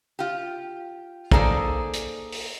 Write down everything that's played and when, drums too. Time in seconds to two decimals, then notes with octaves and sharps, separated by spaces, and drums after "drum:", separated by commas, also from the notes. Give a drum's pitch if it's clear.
0.19 F4 G4
1.31 A#3 D#4 G#4 A4 C5 D5, drum: kick
1.93 drum: hi-hat
2.32 drum: open hi-hat